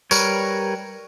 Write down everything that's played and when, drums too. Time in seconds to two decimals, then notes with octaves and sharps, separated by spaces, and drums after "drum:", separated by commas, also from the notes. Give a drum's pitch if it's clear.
0.11 G3 A#4 B4 C#5, drum: tambourine